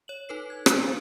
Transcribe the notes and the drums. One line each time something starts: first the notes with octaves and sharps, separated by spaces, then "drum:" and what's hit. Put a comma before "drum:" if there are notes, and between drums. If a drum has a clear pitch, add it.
C#5 F#7
D#4 A4 B4 C7
G#6
B4 C#6 E6 D7, drum: rim click
C4 D#4 A#4 C5 A6